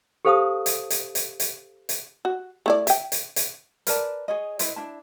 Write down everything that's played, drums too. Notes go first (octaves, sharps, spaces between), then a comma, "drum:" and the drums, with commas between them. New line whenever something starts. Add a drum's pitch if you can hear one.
G4 A4 C5 F5 A5 D#6
drum: hi-hat
drum: hi-hat
drum: hi-hat
drum: hi-hat
drum: hi-hat
F#4
A3 E4 D5
E5 G5, drum: hi-hat
drum: hi-hat
drum: hi-hat
A#4 B4 D5 A5, drum: hi-hat
G#4 C#5 D#5
E4 B4 C5 D#5, drum: hi-hat
D4 E4 A5